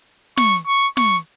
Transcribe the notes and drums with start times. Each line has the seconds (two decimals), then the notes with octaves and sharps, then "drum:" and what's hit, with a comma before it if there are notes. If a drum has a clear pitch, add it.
0.37 C#6, drum: snare
0.67 C#6
0.97 C#6, drum: snare